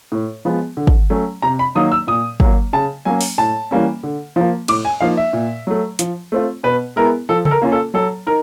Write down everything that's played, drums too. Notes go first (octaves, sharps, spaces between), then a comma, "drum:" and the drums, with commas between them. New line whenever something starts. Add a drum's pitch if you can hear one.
A2
F3 G#3 B3
D3
drum: kick
F#3 A3 C#4
C3 A#5
B5
D#3 F#3 A#3 D#4 D#6
E6
A#2 D#6
F#3 A#3, drum: kick
C#3 A5
F#3 A#3 C#4 G#5
drum: open hi-hat
A2 A5
E3 G3 A#3 C#4
D3
F3 A#3
A2 D6, drum: cymbal
G#5
F3 A#3 D#4 F5
E5
A#2
F#3 A3
F3, drum: hi-hat
A3 C4 F4
B2 B4
G#3 B3 E4 A#4
F3 A4
A4, drum: tom C#3
A#4
A#3 C#4 F4
A4
F#3 A4
D#4 A#4